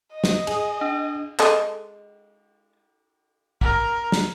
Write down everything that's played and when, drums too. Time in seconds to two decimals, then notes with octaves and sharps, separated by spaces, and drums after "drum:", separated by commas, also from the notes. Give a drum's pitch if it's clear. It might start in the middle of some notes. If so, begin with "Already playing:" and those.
0.14 D#5
0.24 drum: snare
0.47 G#4, drum: cymbal
0.81 D4
1.39 G#3 A4 D#5, drum: clap
3.61 A#4, drum: kick
4.12 drum: snare